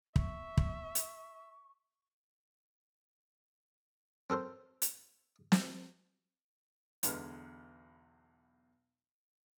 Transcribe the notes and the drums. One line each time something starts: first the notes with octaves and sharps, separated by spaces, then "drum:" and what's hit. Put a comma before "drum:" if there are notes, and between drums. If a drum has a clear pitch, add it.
E5 C#6, drum: kick
drum: kick
drum: hi-hat
C4 A4 A#4 C5
drum: hi-hat
drum: snare
B1 E2 D3 G#3 B4 F6, drum: hi-hat